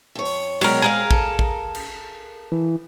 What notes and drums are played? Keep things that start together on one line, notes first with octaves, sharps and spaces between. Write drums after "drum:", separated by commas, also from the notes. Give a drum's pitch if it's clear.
F2 C#5
drum: open hi-hat
B2 F#3 G#3 G4 A#4, drum: cymbal
G#3 C4 G#4 A#4 F5
A4, drum: kick
drum: kick
drum: cymbal
E3